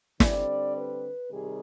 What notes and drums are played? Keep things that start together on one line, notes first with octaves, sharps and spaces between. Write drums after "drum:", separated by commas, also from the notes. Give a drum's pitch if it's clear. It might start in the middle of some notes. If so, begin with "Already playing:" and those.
D3 G3 C4 D5, drum: snare
B4
C3 D#3 G3 G#4